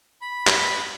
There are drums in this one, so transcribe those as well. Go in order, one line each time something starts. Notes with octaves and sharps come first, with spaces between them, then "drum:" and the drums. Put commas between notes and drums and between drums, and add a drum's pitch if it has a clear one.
B5
drum: clap